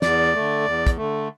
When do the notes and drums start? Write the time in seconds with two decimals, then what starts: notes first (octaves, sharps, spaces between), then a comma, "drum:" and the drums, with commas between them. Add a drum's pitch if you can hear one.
0.02 E2 D5, drum: snare
0.34 D3 A3
0.65 E2
0.87 drum: kick, hi-hat
0.97 D3 A3